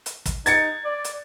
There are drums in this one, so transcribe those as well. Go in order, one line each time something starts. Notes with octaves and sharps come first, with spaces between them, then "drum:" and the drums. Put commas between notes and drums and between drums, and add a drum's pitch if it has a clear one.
drum: hi-hat
drum: kick, hi-hat
D#4 G#6 A6 C#7, drum: hi-hat
D5
drum: hi-hat